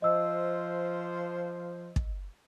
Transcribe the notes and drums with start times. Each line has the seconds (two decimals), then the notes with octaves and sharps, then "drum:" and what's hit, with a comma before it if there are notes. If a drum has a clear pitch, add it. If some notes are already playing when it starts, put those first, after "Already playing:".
0.02 F3 C5 D#5 E6
1.96 drum: kick